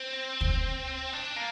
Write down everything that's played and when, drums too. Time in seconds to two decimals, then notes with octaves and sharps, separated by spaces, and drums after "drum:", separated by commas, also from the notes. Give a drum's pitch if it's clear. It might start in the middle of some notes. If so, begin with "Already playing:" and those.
Already playing: C4
0.41 drum: kick
1.13 D4
1.36 A#3